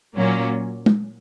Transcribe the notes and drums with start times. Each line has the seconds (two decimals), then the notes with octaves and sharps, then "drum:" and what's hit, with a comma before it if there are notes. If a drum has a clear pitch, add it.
0.15 A#2 F#3 A#3 C#4
0.86 drum: tom